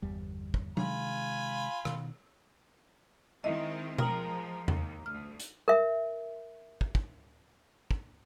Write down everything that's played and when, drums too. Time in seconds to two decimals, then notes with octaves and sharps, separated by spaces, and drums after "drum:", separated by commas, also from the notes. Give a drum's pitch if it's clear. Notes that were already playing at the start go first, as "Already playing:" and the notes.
0.02 G1 E2 G3
0.54 drum: kick
0.77 C3 D#3 G#3 F4 G#5 B5, drum: tom F#3
1.85 B2 D#3, drum: rim click
3.44 D#3 G#3 C4 E4 D#5 E5
3.98 F3 G#3 A#4 G5 D#6 F#7, drum: tom B2
4.68 D#2, drum: tom E2
5.06 D2 F6
5.40 drum: hi-hat
5.68 A#4 E5
6.81 drum: kick
6.95 drum: kick
7.91 drum: kick